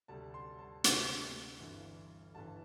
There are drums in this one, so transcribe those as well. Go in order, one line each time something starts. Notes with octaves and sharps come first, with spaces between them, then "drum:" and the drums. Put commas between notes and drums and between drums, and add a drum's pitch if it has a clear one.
D2 C3 G3 A5
C6
A5
D2 C3 G3, drum: hi-hat
G1 G2 E3
G1 G2 E3 A5